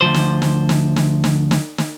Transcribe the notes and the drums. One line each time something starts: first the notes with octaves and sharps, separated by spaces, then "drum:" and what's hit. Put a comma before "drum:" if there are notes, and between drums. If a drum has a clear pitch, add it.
D2 A2 F3 C5
drum: snare
drum: snare
drum: snare
drum: snare
drum: snare
drum: snare
drum: snare